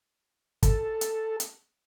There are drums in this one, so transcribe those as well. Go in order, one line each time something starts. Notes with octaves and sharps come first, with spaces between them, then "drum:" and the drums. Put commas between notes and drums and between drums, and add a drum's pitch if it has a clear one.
A4, drum: kick, hi-hat
drum: hi-hat
drum: hi-hat